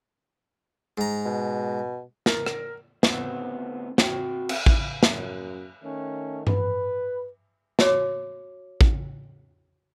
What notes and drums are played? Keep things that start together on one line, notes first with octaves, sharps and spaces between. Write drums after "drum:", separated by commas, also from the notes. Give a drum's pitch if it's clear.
G#2 A#5
B2
A#4, drum: snare
drum: rim click
D2 A2 B3 C4, drum: snare
C4 F#4 G5, drum: snare
drum: cymbal
drum: kick A1
F#2, drum: snare
D#3 A3 C#4
B4, drum: tom G2
F#4 C#5 D6, drum: snare
drum: kick A1